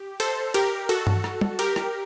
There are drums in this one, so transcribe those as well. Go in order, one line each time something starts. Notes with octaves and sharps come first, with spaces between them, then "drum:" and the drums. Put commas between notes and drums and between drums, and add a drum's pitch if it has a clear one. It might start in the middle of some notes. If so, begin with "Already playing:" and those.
Already playing: G4
A4 C5, drum: cymbal
G4 A#4, drum: cymbal
F#4 A4, drum: cymbal
drum: tom G2
drum: rim click
drum: tom G3
G4 A#4, drum: cymbal
drum: rim click